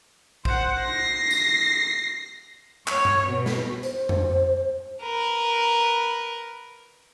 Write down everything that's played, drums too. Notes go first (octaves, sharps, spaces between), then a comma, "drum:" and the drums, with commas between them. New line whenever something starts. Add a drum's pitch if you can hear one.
C5 F#5, drum: kick A1
A#6 C7
drum: tambourine
C#5, drum: clap
drum: tom G2
B2
drum: snare
C5, drum: hi-hat
drum: tom F2
A#4 B4